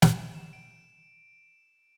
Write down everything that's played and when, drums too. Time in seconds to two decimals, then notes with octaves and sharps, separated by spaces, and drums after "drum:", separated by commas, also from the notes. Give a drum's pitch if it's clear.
0.02 E7, drum: snare
0.35 E7
0.53 D7